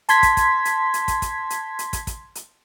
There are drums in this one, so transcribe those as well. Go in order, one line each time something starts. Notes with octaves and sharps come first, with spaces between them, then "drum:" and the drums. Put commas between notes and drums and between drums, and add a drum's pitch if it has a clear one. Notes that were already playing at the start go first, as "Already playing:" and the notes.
A5 C6 G#6 B6, drum: hi-hat
drum: kick, hi-hat
drum: kick, hi-hat
drum: hi-hat
drum: hi-hat
drum: kick, hi-hat
drum: kick, hi-hat
drum: hi-hat
drum: hi-hat
drum: kick, hi-hat
drum: kick, hi-hat
drum: hi-hat